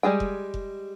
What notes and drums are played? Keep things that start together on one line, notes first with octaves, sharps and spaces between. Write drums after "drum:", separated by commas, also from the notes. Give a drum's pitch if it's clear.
G3 G#3 G#4 G5
drum: kick F1
drum: kick F1